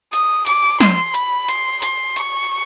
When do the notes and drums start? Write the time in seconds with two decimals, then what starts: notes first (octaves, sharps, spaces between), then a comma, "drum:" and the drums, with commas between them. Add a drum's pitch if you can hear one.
0.13 D#6, drum: hi-hat
0.46 D6, drum: hi-hat
0.80 C6, drum: snare
1.14 B5, drum: hi-hat
1.48 C6, drum: hi-hat
1.82 C6, drum: hi-hat
2.16 C#6, drum: hi-hat